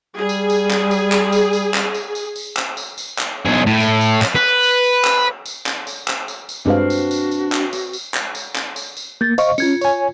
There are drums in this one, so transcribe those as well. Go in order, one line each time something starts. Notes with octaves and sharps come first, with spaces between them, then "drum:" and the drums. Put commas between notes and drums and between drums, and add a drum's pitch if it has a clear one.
G3 G#4
drum: tambourine
drum: tambourine
drum: clap
drum: tambourine
drum: clap
drum: tambourine
drum: tambourine
drum: clap
drum: tambourine
drum: tambourine
drum: tambourine
drum: clap
drum: tambourine
drum: tambourine
drum: clap
B1 G#4
A2
drum: tambourine
drum: tambourine
drum: clap
B4
drum: tambourine
drum: tambourine
drum: clap
drum: tambourine
drum: clap
drum: tambourine
drum: clap
drum: tambourine
drum: tambourine
G2 G#3 C4 D4 F#4 B4 F5
drum: tambourine
drum: tambourine
drum: tambourine
drum: clap
drum: tambourine
drum: tambourine
drum: clap
drum: tambourine
drum: clap
drum: tambourine
drum: tambourine
A#3 G6 A6
C5 D#5 F5 C#6, drum: tambourine
C#4 F4 G#6 C#7, drum: tambourine
C#5 G#5, drum: tambourine